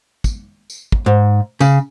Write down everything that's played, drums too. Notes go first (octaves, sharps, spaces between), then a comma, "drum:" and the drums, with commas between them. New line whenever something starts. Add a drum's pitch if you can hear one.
drum: kick, tambourine
drum: tambourine
drum: kick
G#2
C#3, drum: tambourine